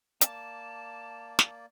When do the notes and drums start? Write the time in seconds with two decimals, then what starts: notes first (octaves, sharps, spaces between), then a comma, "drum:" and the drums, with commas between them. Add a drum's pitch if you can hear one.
0.21 A#3 D5 A5, drum: hi-hat
1.39 drum: snare